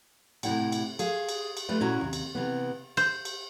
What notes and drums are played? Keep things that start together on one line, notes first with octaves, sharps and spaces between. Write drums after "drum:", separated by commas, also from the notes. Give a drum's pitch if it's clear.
A2 C3 F#3 E4 F#5 G5, drum: cymbal
drum: cymbal
G#4 F5, drum: cymbal
drum: cymbal
drum: cymbal
G3 A3 F4 B4 E5
A#2 C#4 E4 F#4 A#5
D#2 C3
drum: cymbal
C3 E3 B3
C5, drum: cymbal
drum: cymbal